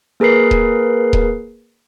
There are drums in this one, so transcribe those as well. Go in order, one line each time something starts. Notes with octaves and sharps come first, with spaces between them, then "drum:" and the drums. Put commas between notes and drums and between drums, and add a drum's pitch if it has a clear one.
A#3 G#4 A#4 B4 C7
drum: kick D#1
drum: kick D#1